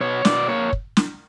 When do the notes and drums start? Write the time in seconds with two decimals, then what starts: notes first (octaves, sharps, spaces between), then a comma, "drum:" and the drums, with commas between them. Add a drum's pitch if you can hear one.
0.01 B2 C#5
0.25 B2 D5, drum: snare
0.48 A#3 C#5
0.73 drum: kick
0.97 drum: snare